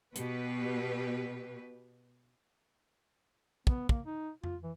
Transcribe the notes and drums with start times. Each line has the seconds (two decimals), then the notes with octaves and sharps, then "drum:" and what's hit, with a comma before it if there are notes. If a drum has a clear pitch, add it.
0.16 B2 G4 B4, drum: hi-hat
3.67 B3, drum: kick
3.89 A#3, drum: kick
4.06 D#4
4.44 F4, drum: tom F2
4.63 E3